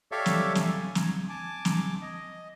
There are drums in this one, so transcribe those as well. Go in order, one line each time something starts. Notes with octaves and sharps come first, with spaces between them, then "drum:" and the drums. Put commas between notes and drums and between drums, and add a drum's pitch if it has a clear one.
G4 A4 C#5 D5 E5 F5
drum: snare
G#5, drum: snare
drum: snare
G#5 A5 D6
drum: snare
D#5